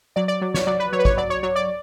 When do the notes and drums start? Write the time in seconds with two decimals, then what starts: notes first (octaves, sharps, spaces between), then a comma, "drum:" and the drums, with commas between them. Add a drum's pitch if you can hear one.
0.16 F#3 D5
0.28 D5
0.41 F#3
0.54 C#5, drum: snare
0.67 F#3 D5
0.80 B4
0.92 F#3 C#5
0.99 B4
1.05 C#5, drum: kick
1.17 F#3 D5
1.30 C#5
1.43 F#3 C#5
1.56 D5